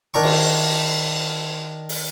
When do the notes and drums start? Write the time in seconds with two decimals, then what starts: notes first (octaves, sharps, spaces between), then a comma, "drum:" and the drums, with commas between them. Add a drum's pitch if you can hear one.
0.14 D#3 D4 A#5 C#6
0.23 drum: cymbal
1.89 drum: open hi-hat